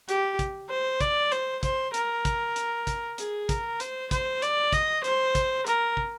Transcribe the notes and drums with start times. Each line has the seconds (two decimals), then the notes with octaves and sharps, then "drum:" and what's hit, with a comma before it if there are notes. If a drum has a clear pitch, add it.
0.09 G4, drum: hi-hat
0.39 drum: kick, hi-hat
0.70 C5
1.01 D5, drum: kick, hi-hat
1.32 C5, drum: hi-hat
1.63 C5, drum: kick, hi-hat
1.94 A#4, drum: hi-hat
2.25 drum: kick, hi-hat
2.56 drum: hi-hat
2.87 drum: kick, hi-hat
3.18 G#4, drum: hi-hat
3.49 A#4, drum: kick, hi-hat
3.80 C5, drum: hi-hat
4.11 C5, drum: kick, hi-hat
4.42 D5, drum: hi-hat
4.72 D#5, drum: kick, hi-hat
5.04 C5, drum: hi-hat
5.35 drum: kick, hi-hat
5.67 A#4, drum: hi-hat
5.97 drum: kick